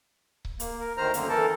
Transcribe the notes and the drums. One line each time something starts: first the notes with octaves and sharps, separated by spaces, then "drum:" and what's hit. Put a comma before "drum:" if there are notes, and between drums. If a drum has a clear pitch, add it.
drum: kick C#1
A#3, drum: hi-hat
A#4
D2 D#3 C5 A#5 F6
F#2 D3 A#3, drum: hi-hat
E3 A4 A#4 A5